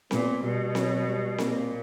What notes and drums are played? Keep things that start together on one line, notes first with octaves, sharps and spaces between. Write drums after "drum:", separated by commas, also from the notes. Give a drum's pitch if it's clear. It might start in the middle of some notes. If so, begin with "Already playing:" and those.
A#2 B3, drum: snare C4
B2 G3
F#3, drum: snare C4
G3
A#2 A#3, drum: snare C4